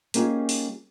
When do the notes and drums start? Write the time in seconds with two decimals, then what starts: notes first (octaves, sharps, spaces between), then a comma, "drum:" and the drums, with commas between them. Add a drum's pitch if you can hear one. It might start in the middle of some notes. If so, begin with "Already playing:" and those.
0.14 G3 A#3 C#4 D#4 F4 G#4, drum: hi-hat
0.49 drum: open hi-hat